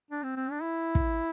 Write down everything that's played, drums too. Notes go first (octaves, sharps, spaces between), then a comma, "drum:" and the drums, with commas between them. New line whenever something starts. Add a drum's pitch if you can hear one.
D4
C4
C4
D4
E4
drum: kick